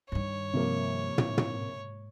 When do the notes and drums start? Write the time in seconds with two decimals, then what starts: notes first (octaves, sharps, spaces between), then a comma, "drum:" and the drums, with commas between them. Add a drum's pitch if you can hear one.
0.12 G2 D#3 C#5
0.53 C3 F3 A#3
1.18 G#2, drum: tom
1.38 drum: tom